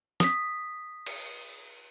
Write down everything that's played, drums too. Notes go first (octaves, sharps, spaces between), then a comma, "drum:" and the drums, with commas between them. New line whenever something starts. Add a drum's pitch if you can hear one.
D#6 B6, drum: snare
drum: cymbal